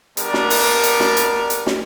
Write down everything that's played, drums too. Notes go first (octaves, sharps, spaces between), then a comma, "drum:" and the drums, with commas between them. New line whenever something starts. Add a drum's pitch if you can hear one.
G3 B3 D4 A#4, drum: hi-hat
drum: snare
drum: open hi-hat
drum: hi-hat
drum: snare
drum: hi-hat
drum: hi-hat
drum: snare